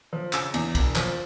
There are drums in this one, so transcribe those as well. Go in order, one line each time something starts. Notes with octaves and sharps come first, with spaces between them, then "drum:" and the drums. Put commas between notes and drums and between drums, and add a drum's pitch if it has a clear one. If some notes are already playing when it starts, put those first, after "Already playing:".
F3
C#3 E6, drum: clap
E2, drum: cymbal
E1, drum: kick, cymbal
F3, drum: clap